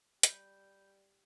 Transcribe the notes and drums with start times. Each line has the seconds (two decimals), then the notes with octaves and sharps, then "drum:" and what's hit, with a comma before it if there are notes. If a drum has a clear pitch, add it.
0.23 G3 B5 G6, drum: hi-hat